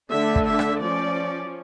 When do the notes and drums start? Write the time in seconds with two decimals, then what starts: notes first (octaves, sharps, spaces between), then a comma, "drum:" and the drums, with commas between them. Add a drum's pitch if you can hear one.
0.12 D3 A3 D4 E5
0.35 drum: kick
0.47 E5
0.59 drum: rim click
0.82 F3 C#4 D5